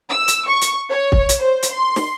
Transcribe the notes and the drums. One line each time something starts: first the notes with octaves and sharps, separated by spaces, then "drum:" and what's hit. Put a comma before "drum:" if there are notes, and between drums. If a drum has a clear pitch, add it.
E6
drum: hi-hat
C#6
drum: hi-hat
C#5
drum: kick
drum: hi-hat
C5
drum: hi-hat
C6
drum: snare